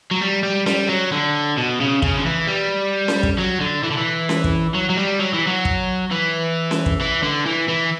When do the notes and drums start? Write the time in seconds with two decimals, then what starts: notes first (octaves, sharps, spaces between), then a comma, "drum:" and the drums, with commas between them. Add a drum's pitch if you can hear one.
0.11 F#3
0.21 G3
0.43 G3
0.66 G3, drum: snare C#4
0.89 F#3
1.12 D3
1.57 B2
1.80 C#3
2.02 C#3, drum: kick
2.17 D3
2.25 E3
2.47 G3
3.08 drum: snare C#4
3.23 drum: kick
3.39 F#3
3.61 D3
3.84 E3
3.91 D3
3.98 E3
4.29 drum: snare C#4
4.44 drum: kick
4.75 F#3
4.90 F#3
4.97 G3
5.19 F#3
5.33 E3
5.47 F#3
5.65 drum: kick
6.11 E3
6.71 drum: snare C#4
6.86 drum: kick
7.01 E3
7.23 D3
7.46 E3
7.69 E3